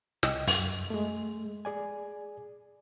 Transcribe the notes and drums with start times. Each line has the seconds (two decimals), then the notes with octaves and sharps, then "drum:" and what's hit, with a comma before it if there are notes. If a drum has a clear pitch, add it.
0.23 C2 D#5 G5 E6, drum: snare
0.47 F#2, drum: open hi-hat
0.90 G#3 A3
1.65 G#4 D5 G#5